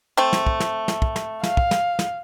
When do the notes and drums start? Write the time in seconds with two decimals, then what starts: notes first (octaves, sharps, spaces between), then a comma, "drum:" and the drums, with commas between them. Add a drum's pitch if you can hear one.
0.17 A3 C4
0.33 drum: snare
0.47 drum: kick
0.60 drum: snare
0.88 drum: snare
1.02 drum: kick
1.16 drum: snare
1.43 F5, drum: snare
1.57 drum: kick
1.71 drum: snare
1.99 drum: snare